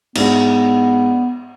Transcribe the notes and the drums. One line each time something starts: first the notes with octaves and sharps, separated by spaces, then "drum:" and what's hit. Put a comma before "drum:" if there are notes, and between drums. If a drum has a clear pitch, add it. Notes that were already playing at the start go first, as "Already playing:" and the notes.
G#2 G#3 B3 D4 G#4, drum: cymbal